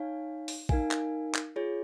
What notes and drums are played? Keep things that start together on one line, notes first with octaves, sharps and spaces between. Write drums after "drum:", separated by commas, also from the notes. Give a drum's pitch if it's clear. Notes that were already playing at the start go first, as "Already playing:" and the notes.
Already playing: D#4 C#5 F5 G#5
drum: open hi-hat
D#4 A#4 F5 G#5, drum: kick
drum: clap
drum: clap
F4 G#4 C#5